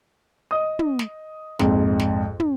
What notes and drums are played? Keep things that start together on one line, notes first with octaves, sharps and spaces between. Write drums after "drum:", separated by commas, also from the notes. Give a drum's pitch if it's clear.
D#5 D#6
drum: tom
drum: snare
A#1 F2 G#2, drum: snare
drum: snare
drum: tom